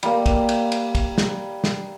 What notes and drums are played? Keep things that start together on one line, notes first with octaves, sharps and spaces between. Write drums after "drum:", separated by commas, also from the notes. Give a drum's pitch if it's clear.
G3 A#3, drum: cymbal
drum: kick, cymbal
drum: cymbal
drum: cymbal
drum: kick, cymbal
drum: snare
drum: snare